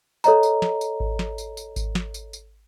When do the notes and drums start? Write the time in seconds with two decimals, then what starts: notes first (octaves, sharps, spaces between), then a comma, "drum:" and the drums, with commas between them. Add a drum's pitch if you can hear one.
0.24 A4 C#5 D#5 A#5, drum: tambourine
0.43 drum: tambourine
0.62 drum: snare
0.81 drum: tambourine
1.00 drum: kick G#1
1.19 drum: snare
1.38 drum: tambourine
1.57 drum: tambourine
1.76 drum: kick G#1, tambourine
1.95 drum: snare
2.14 drum: tambourine
2.33 drum: tambourine